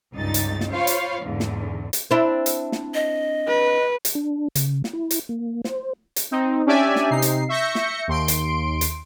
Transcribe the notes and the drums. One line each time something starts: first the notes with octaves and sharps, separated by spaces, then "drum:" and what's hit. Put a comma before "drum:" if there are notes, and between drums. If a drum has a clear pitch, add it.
C#2 G2 D#4 A6
drum: hi-hat
drum: snare
F4 C5 C#5 F5 B5
drum: hi-hat
E2 G#2 D3
drum: snare
drum: hi-hat
C4 D4 E4
drum: hi-hat
drum: snare
D#5
B4
drum: hi-hat
D4
C#3, drum: hi-hat
drum: snare
E4
drum: hi-hat
A#3
C5, drum: snare
drum: hi-hat
C4 D#4
C#4 D4 G4 D5 E5 G#5
drum: snare
C3 D#4 C7
drum: hi-hat
E5 C#6 G6 A#6 C#7
drum: snare
D#2 C6 D7
drum: hi-hat
drum: hi-hat